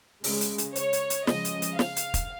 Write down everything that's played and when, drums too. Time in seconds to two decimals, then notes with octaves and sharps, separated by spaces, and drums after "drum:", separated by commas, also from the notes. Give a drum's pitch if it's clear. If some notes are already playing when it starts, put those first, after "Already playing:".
0.24 C#3 G#3, drum: open hi-hat
0.41 drum: hi-hat
0.58 drum: hi-hat
0.75 C#5, drum: hi-hat
0.93 drum: hi-hat
1.10 drum: hi-hat
1.27 C#3 F3 G#3 D#5, drum: snare
1.45 drum: hi-hat
1.62 drum: hi-hat
1.79 F5, drum: snare
1.96 drum: hi-hat
2.14 drum: kick, hi-hat